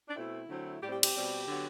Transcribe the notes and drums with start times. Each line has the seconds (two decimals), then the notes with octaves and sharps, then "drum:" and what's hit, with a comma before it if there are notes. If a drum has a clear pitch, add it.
0.07 D4
0.14 B2 A3 C4 E4
0.48 D3 F#3 A3 C4
0.80 A2 G3 C4 G4
0.91 G4
1.03 G4, drum: cymbal
1.14 B2 G3 C4
1.46 D3 F#3 B3